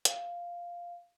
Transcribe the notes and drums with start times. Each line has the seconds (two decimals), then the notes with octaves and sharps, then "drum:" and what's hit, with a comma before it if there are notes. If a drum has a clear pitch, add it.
0.05 F5, drum: hi-hat